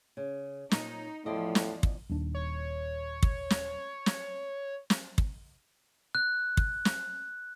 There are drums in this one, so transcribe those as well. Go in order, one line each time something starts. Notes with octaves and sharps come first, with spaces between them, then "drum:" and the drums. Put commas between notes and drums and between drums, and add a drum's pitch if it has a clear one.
C#3
A#2 D#4 C#5, drum: snare
E2 A2 F3 D5 D#5
drum: snare
drum: kick
D#1 D#2 D4
C#5
drum: kick
drum: snare
drum: snare
drum: snare
drum: kick
F#6
drum: kick
drum: snare